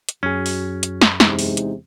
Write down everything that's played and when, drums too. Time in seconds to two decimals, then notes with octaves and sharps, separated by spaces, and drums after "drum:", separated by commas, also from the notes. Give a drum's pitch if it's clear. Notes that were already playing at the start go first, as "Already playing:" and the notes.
0.09 drum: hi-hat
0.23 F#2 C#4 F#4 G#4
0.46 drum: open hi-hat
0.83 drum: hi-hat
1.01 drum: snare
1.20 E2 C3 G#3 D#4, drum: snare
1.39 drum: open hi-hat
1.57 drum: hi-hat